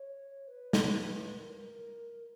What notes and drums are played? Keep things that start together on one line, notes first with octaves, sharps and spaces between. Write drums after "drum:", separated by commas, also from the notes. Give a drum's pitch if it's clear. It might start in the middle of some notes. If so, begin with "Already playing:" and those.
Already playing: C#5
B4
drum: snare
A#4